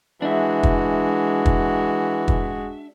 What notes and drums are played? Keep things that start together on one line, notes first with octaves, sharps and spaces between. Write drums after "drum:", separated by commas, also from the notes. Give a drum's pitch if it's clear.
E3 G#3 D4 F#4 E5
drum: kick
drum: kick
drum: kick